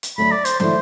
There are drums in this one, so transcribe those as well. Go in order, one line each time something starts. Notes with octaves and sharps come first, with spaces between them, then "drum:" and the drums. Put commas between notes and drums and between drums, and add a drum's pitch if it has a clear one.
drum: hi-hat
D3 F#3 A3 B5
D5
C5, drum: hi-hat
D3 F#3 A3 E4 C5, drum: tom